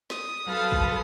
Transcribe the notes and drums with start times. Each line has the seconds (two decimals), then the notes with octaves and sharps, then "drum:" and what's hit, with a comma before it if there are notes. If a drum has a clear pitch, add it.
0.10 D#6, drum: snare
0.47 F#3 C4 A4 B4 F5
0.72 drum: kick